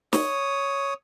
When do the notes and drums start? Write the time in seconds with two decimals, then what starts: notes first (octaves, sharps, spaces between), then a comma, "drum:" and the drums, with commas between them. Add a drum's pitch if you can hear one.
0.13 C#5 D#6, drum: snare